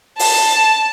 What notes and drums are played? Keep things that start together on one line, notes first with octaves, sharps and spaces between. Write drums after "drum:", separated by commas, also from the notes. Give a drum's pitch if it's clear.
A5, drum: open hi-hat